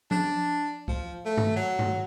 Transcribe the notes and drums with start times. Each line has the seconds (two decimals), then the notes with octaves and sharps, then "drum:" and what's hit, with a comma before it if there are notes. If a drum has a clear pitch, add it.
0.11 D4, drum: tom F3
0.88 F3, drum: kick C#2
1.25 A3
1.37 drum: tom G2
1.56 F#3
1.79 drum: tom G2